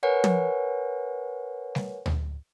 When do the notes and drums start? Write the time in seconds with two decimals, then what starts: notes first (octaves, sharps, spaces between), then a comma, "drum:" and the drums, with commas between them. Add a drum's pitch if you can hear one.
0.03 A#4 B4 C#5 F#5 G#5
0.24 drum: tom
1.75 drum: snare
2.06 drum: tom D2